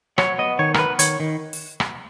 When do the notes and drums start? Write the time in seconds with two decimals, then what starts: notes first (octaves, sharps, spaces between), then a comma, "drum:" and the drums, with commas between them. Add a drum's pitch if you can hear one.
0.18 F#3 C#5, drum: rim click
0.38 B3 D#5
0.59 D#3 C#5
0.74 A#4, drum: rim click
0.79 B3 B4
0.99 D#3 C#5, drum: hi-hat
1.20 D#3
1.53 drum: open hi-hat
1.80 drum: rim click